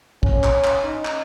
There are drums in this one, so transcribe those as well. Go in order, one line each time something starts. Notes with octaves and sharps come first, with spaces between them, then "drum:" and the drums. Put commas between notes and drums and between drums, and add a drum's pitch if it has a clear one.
C#4, drum: kick
drum: clap
drum: clap
D#4
drum: clap